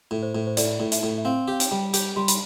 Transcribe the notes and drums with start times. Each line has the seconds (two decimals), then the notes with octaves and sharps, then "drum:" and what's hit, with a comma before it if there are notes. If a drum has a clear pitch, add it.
0.11 A2
0.23 C5
0.35 A2
0.47 C5
0.57 A2 D5, drum: hi-hat
0.80 A2
0.92 E5, drum: hi-hat
1.03 A2
1.18 E5
1.25 C4 F5
1.48 G4 F5
1.60 G5, drum: hi-hat
1.71 G3
1.93 G4, drum: hi-hat
2.16 G3 C6
2.28 B5, drum: hi-hat